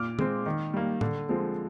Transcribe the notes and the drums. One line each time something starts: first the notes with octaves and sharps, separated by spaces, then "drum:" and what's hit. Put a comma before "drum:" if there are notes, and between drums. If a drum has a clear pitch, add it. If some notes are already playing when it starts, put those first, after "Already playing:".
Already playing: A#2 D6 F6
G#3 C4, drum: tom
D#3
G3 A#3
D3, drum: tom A2
F3 G#3 C4